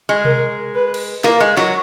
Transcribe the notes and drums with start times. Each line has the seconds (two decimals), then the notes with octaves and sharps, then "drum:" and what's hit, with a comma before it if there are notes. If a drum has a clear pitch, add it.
0.09 G#3
0.25 A#4, drum: tom B2
0.74 B4
0.94 drum: cymbal
1.24 A#3 A#4, drum: snare
1.40 G#3
1.57 F#3, drum: snare